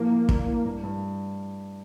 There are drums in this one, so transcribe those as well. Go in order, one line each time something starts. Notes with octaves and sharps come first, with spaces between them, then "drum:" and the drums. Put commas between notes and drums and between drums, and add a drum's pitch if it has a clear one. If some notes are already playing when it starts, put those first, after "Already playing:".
Already playing: A2 F3 A#3
A2
D4, drum: kick
A2
G2
G2